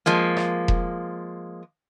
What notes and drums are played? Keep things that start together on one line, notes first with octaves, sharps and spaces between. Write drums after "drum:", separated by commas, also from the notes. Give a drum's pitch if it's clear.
F3 G#3 A#3
drum: rim click
drum: kick E1